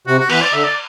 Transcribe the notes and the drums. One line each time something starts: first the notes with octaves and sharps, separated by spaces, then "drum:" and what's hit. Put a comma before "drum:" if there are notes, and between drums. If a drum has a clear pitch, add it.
C3 F#4
F#4
E3 B3 B4, drum: cymbal
D5
D3 E5
D5